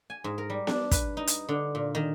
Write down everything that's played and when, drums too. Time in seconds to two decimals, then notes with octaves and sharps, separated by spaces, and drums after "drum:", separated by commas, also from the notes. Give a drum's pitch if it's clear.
0.10 G#5
0.24 G#2
0.38 A#4
0.50 G3
0.67 D4, drum: snare B3
0.91 B4, drum: kick, hi-hat
1.17 D#4
1.27 drum: hi-hat
1.49 D3
1.75 A#2
1.95 D#3